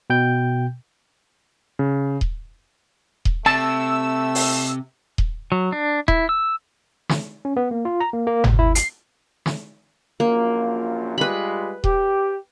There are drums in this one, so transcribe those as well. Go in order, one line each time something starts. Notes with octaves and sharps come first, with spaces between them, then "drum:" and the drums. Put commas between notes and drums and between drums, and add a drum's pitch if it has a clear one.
B2 G5 G6
C#3
drum: kick D#1
drum: kick D#1
C3 A3 A5 E6
drum: open hi-hat
drum: kick D#1
F#3
D4
E4, drum: kick D#1
E6
drum: snare
C#4
B3
A#3
F4
A#5
A#3
A#3
C#2, drum: tom G1
E4
C7, drum: hi-hat
drum: snare
A#1 F#2 A#3 F4
G3 G#3 F4 B4 B5
G4, drum: kick D#1